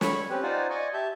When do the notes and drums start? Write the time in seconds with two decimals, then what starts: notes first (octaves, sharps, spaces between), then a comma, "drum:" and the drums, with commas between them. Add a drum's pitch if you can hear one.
0.01 C#5 B5 C#6, drum: snare
0.30 C4 C#4 G4 B4
0.43 D#4 F4 C5 D5 F#5 G#5
0.70 D5 D#5 G#5 C#6
0.93 G4 E5 A5 G6